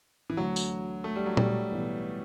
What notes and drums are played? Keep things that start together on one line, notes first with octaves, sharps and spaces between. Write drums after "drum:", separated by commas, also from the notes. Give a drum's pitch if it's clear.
E3
D2 D3 F#3 A3
drum: tambourine
A3
G3
F#3
G3, drum: tom A#2
B1 A2 E3 B3